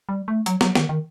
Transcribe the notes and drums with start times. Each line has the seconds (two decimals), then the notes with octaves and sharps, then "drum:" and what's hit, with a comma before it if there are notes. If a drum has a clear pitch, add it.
0.09 G3
0.28 A3
0.46 F#3, drum: hi-hat
0.61 F#3, drum: snare
0.75 D#3, drum: snare
0.89 D#3